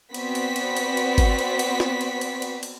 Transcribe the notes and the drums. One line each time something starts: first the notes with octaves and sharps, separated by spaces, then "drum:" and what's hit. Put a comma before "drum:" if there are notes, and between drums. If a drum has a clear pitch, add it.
B3 C4 F#4 D5 B6, drum: cymbal
drum: cymbal
drum: cymbal
drum: cymbal
drum: cymbal
drum: kick G1, cymbal
drum: cymbal
drum: cymbal
drum: snare
drum: cymbal
drum: cymbal
drum: cymbal
drum: cymbal